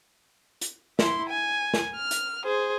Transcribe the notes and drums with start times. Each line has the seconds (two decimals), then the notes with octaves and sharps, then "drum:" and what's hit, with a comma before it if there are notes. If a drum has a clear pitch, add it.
0.61 drum: hi-hat
0.99 E4 C6, drum: snare
1.29 G#5
1.74 drum: snare
1.96 F6
2.11 drum: hi-hat
2.45 G#4 C5